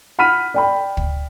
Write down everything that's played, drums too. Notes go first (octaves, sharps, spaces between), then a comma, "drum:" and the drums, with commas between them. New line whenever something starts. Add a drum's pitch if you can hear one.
F#5 B5 F6 B6 D#7
D5 G5 B5
drum: kick